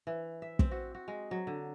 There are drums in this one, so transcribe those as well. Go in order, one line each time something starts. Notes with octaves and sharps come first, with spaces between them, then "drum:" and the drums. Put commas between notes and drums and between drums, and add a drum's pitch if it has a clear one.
E3
E5
C4, drum: kick
F#4
F#4
G#3
F#3
D3